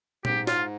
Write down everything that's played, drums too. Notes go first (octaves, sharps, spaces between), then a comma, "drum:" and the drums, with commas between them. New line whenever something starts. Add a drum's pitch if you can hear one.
G#2 G4, drum: tom A#2
F4, drum: snare